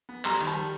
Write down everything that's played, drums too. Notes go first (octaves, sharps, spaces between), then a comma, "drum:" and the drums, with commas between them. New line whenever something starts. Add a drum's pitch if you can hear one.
B3
G3 A#5 C6, drum: clap
D#3, drum: cymbal
A5 B5
G3